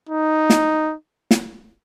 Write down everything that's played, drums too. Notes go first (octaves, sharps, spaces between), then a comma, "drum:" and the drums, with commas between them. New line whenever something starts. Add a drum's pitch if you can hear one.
D#4
drum: snare
drum: snare